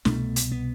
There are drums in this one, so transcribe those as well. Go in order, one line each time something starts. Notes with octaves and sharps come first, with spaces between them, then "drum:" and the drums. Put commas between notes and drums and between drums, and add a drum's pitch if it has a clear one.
C2 B2 A3, drum: snare
drum: hi-hat
B3